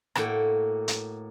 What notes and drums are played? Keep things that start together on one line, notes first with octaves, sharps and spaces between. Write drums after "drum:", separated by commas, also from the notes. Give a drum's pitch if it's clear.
A2 A#3 F#4 G5, drum: rim click
drum: hi-hat